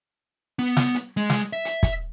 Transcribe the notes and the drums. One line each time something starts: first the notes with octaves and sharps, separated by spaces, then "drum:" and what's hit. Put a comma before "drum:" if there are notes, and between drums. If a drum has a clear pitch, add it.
B3
drum: snare
drum: hi-hat
G#3
drum: snare
E5
drum: hi-hat
drum: kick, hi-hat